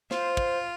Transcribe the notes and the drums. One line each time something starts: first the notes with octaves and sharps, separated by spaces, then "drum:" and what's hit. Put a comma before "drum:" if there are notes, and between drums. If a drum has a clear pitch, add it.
F4 C5, drum: snare
drum: kick